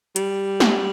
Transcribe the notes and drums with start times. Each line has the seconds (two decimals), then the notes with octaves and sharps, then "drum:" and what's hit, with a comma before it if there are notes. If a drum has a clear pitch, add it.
0.16 G3, drum: hi-hat
0.60 drum: snare